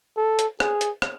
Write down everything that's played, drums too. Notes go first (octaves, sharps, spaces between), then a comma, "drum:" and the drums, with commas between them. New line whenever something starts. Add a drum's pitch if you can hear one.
A4
drum: hi-hat
G#4, drum: rim click
drum: hi-hat
drum: rim click